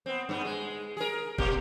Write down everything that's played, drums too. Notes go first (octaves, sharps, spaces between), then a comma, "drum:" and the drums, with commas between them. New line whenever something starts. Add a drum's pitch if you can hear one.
B3 C4
G2 B3
G#3
G#4 A#4
B2 A#3 G4, drum: kick